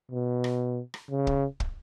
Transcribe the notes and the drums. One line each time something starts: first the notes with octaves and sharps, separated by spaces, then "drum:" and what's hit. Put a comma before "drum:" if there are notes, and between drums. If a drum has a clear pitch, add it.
B2
drum: rim click
drum: rim click
C#3
drum: kick
drum: kick